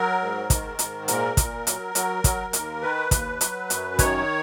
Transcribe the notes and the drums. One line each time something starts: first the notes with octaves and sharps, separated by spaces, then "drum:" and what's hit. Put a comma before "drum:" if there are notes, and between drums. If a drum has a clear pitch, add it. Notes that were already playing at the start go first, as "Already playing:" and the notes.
Already playing: F#3 A#4
G#2
D#3, drum: kick, hi-hat
G#2, drum: hi-hat
A#2 A#4, drum: hi-hat
A#2, drum: kick, hi-hat
F#3, drum: hi-hat
F#3, drum: hi-hat
F#3, drum: kick, hi-hat
D#2, drum: hi-hat
D#3 B4
D#2, drum: kick, hi-hat
F#3, drum: hi-hat
F#2, drum: hi-hat
D#3 C#5, drum: kick, hi-hat